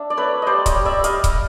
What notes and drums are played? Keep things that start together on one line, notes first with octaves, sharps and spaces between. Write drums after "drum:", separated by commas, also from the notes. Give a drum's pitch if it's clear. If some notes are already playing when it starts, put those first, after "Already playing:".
Already playing: D4 E5
D5
A3 B4 C#5
G3 C5 D5 D#5
C#5 D#5, drum: kick C#1, hi-hat
G3
D5 E5
G3 D#5 F5, drum: hi-hat
drum: kick C#1, hi-hat